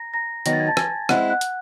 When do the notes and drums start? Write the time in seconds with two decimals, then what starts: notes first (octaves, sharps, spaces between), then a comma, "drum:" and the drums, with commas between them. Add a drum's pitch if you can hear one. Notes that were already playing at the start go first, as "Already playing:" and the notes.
Already playing: A#5 A#6
0.14 A#5 A#6
0.46 D#3 F#3 B3 D#4 A#6, drum: hi-hat
0.53 A6
0.60 G#6
0.67 A5 A6
0.77 G#5 G#6, drum: rim click
1.09 G#3 C4 E4 F#5 F#6, drum: rim click
1.30 F#5 F#6
1.41 drum: hi-hat